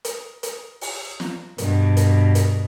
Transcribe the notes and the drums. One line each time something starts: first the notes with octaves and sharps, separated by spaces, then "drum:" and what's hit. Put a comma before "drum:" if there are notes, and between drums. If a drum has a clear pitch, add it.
drum: hi-hat
drum: hi-hat
drum: open hi-hat
drum: snare
G2 B2, drum: hi-hat
drum: hi-hat
drum: hi-hat